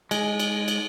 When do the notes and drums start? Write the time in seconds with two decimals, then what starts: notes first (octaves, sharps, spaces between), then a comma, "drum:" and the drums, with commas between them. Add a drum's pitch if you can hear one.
0.11 G#3, drum: cymbal
0.39 drum: cymbal
0.68 drum: cymbal